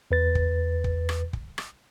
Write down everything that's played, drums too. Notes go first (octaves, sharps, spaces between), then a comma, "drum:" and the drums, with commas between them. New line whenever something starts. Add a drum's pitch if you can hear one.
E2 B4 A6
drum: kick
drum: kick
drum: rim click
drum: kick
drum: rim click